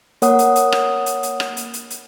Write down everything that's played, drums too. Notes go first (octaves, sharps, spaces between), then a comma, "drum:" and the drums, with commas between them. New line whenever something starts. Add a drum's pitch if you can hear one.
A#3 A#4 C#5 F#5 D#6, drum: hi-hat
drum: hi-hat
drum: hi-hat
drum: rim click
drum: hi-hat
drum: hi-hat
drum: rim click
drum: hi-hat
drum: hi-hat
drum: hi-hat